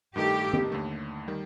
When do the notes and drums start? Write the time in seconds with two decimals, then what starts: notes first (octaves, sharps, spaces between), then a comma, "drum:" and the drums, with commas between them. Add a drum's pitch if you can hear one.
0.16 G2 D#3 A3 D#4 G4 A4
0.53 drum: tom D#3
0.72 D#2 D3 A3
1.28 D#3 G3